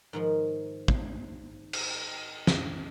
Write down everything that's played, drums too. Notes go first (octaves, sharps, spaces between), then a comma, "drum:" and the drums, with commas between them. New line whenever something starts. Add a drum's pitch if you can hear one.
G#2 D#3 F3
drum: kick
drum: cymbal
drum: snare